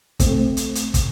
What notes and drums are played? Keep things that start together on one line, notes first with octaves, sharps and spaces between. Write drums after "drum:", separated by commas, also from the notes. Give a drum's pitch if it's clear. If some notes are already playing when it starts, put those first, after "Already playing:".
A3 C4, drum: kick, hi-hat
drum: hi-hat
drum: hi-hat
drum: kick, hi-hat